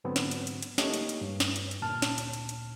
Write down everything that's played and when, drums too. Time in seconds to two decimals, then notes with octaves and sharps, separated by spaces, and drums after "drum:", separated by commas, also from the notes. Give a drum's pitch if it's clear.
0.04 G#2 D3 F#3 B3 C4
0.16 drum: snare
0.31 drum: hi-hat
0.47 drum: hi-hat
0.62 drum: hi-hat
0.78 A3 A#3 D#4 G4 C#5 D#5, drum: snare
0.94 drum: hi-hat
1.09 drum: hi-hat
1.21 G2
1.40 drum: snare
1.56 drum: hi-hat
1.71 drum: hi-hat
1.82 D2 A#2 A5 F6
2.02 drum: snare
2.18 drum: hi-hat
2.33 drum: hi-hat
2.49 drum: hi-hat